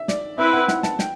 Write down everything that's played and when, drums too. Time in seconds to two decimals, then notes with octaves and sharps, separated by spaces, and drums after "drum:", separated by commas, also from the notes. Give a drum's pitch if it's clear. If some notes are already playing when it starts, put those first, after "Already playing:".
Already playing: E5
0.08 D5, drum: snare
0.38 C4 E4 B4 E5
0.53 F#5
0.68 F#5, drum: snare
0.83 A5, drum: snare
0.99 G5, drum: snare